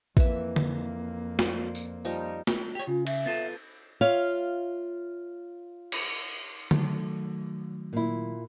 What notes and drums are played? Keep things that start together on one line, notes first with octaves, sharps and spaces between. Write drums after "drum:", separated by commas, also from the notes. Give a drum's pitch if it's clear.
F2 E3 A#3 E5, drum: kick A1
drum: tom D3
C5 D5, drum: snare
drum: tambourine
F3 G3 D#4
drum: snare
G4 C#5
C#3 F4
E5, drum: cymbal
B3 F4 A4
F4 C#5 E5 F5
drum: cymbal
D#3 F#3 A3 A4, drum: tom D3
A#2 E4